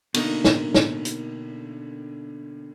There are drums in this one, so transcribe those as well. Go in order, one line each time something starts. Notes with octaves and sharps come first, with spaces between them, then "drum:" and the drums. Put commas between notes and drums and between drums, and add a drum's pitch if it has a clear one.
B2 D3 A#3 D#4, drum: cymbal
drum: snare
drum: snare
drum: hi-hat